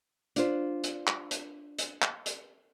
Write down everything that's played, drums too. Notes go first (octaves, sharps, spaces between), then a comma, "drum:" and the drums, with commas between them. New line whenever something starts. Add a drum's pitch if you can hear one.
D4 F4 C5, drum: hi-hat
drum: hi-hat
drum: clap
drum: hi-hat
drum: hi-hat
drum: clap
drum: hi-hat